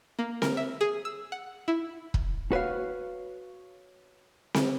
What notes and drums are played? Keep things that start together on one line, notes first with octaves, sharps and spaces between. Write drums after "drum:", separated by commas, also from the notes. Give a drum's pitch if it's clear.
A#3
A#4, drum: snare C4
E5
G#4
E6
F#5
E4
drum: kick
F#4 B4 C#5 F5
drum: snare C4